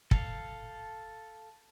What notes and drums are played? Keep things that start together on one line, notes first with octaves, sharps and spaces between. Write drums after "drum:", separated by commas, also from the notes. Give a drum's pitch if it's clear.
A4 F5, drum: kick